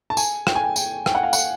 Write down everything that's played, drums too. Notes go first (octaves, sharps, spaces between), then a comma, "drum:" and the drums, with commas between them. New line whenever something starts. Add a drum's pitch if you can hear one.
A5
G#5, drum: tambourine
G5, drum: rim click
G#5
G5
G5, drum: tambourine
G5, drum: rim click
F#5
F5
F#5, drum: tambourine